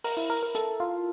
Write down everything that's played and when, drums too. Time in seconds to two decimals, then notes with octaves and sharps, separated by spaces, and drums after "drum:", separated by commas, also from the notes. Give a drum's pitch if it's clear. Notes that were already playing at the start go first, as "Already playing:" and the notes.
0.04 A#4, drum: open hi-hat
0.17 E4
0.30 A#4
0.43 A#4
0.55 A4, drum: hi-hat
0.80 F4